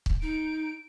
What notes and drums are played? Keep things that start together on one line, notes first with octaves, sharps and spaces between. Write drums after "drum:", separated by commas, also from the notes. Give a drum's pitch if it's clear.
drum: kick
D#4 D7